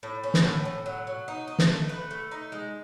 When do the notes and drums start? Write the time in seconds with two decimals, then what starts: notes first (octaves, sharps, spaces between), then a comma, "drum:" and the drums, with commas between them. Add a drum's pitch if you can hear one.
0.03 A2
0.23 C#4
0.34 drum: snare
0.44 A2
0.65 A2
0.86 F#3
1.07 F#3
1.28 D#4
1.48 D#4
1.59 drum: snare
1.69 A3
1.89 B4
2.11 A3
2.31 D#4
2.52 G#3